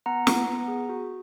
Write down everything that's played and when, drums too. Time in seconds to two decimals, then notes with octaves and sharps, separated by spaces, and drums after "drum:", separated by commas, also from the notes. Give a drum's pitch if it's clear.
0.06 B3 F#5 A#5
0.27 B3, drum: snare
0.48 B3
0.68 G#4
0.89 F#4